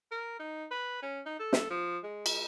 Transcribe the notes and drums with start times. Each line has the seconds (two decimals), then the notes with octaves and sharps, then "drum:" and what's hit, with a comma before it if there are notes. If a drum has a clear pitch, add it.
0.11 A#4
0.40 D#4
0.71 B4
1.02 C#4
1.26 D#4
1.40 A4
1.53 drum: snare
1.70 F3
2.04 G#3
2.26 drum: cymbal